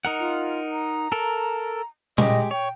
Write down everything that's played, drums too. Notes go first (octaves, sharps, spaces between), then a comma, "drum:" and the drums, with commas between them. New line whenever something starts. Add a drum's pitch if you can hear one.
D#4 A#4 F#5
F4
A#5
A4 A#4
G#3 G4 D#5, drum: tom A#2
C#5 G5